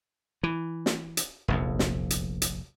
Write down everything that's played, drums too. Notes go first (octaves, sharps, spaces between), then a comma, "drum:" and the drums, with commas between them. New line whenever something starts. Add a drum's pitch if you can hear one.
E3
drum: snare
drum: hi-hat
F1 A#1 E2
drum: snare
drum: hi-hat
drum: hi-hat